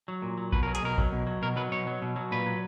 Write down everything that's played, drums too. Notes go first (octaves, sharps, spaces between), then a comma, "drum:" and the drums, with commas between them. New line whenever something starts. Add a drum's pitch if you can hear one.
F#3
A#2
F#3
B2 B4, drum: kick A#1
F#3 A#4
G#4, drum: hi-hat
B2 A#4
F#3, drum: kick A#1
B2
F#3
B2 A#4
F#3 B4
B2 C#5
F#3
B2
F#3
A#2 B4
F#3